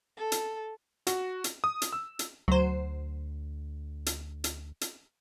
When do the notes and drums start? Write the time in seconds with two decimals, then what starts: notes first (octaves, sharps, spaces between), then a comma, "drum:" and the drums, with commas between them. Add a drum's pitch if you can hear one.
0.17 A4
0.32 drum: hi-hat
1.07 F#4, drum: hi-hat
1.44 drum: hi-hat
1.64 D#6
1.82 drum: hi-hat
1.93 E6
2.19 drum: hi-hat
2.48 D2 F#3 C5
4.06 drum: hi-hat
4.44 drum: hi-hat
4.81 drum: hi-hat